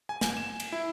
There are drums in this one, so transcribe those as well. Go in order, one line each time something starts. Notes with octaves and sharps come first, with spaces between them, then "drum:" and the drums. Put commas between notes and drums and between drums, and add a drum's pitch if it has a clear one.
G#5
drum: snare
E7
drum: cymbal
E4